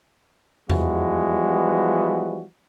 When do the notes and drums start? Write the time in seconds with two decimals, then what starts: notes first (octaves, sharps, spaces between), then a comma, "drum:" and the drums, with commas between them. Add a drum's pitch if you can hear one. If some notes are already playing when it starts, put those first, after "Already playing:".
0.70 E3 F3 G3 G#3 B3 F#4, drum: tom E2